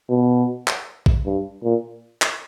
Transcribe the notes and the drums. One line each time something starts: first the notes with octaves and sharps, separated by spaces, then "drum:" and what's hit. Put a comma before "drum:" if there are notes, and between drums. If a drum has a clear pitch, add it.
B2
drum: clap
drum: kick
G2
A#2
drum: clap